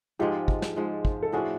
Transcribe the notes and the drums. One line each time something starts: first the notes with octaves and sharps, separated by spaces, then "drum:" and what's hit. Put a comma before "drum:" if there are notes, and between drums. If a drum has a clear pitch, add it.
G#2 F3 G#3 F4 G4
drum: kick
drum: snare
G#2 F3 G#3
drum: kick
A4
A2 F3 A3 D4 F#4 G#4